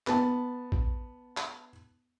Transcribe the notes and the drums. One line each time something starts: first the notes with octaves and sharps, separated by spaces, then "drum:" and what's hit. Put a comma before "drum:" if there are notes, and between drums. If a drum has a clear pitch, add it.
B3 A5, drum: clap
drum: kick A#1
drum: clap